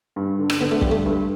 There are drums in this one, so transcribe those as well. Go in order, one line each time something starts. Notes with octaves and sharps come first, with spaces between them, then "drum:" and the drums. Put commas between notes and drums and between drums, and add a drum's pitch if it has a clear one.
G2
D3
drum: rim click
D3 B3
A3
G2 G3, drum: kick
A3
G2